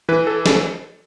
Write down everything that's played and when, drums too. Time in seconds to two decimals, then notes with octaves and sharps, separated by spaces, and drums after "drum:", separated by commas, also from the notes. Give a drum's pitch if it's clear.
0.09 E3 B4
0.27 A4
0.46 A4, drum: snare